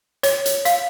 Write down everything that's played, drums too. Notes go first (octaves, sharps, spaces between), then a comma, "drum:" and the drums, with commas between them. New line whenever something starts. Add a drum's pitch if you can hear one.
C#5, drum: hi-hat
drum: hi-hat
F5, drum: hi-hat